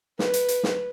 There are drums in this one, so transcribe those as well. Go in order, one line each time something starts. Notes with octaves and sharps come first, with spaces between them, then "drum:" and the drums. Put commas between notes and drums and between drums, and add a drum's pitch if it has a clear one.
B4, drum: snare
drum: hi-hat
drum: hi-hat
drum: snare